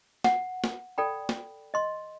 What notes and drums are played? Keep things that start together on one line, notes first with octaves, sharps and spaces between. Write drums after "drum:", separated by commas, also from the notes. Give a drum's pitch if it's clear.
F#5, drum: snare
drum: snare
A4 D5 G5 B5
drum: snare
D#5 C6